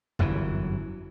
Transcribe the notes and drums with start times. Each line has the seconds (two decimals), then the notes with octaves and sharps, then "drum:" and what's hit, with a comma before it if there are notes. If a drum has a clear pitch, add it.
0.19 G1 F#2 E3 F#3, drum: kick